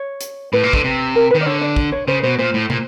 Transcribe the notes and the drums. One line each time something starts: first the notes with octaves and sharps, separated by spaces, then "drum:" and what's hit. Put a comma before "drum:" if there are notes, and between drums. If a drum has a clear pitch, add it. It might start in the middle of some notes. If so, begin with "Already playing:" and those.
Already playing: C#5
drum: hi-hat
A2 B4
A#2
D3, drum: kick
C3
A#4
D#3 B4
D5
D3 C#5
D5
drum: kick
C#5
C#3 C5
B2 C5
A#2 C5
A2
A#2, drum: tom